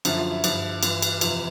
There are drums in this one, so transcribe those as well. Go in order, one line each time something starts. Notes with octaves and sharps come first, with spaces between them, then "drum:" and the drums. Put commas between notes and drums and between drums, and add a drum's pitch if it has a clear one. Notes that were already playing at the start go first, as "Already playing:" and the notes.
F#2 D3 F3 E4, drum: cymbal
F4
E4
G2 D3 F3, drum: cymbal
G2 E3 F4, drum: cymbal
drum: cymbal
F2 C3 E3 F4, drum: cymbal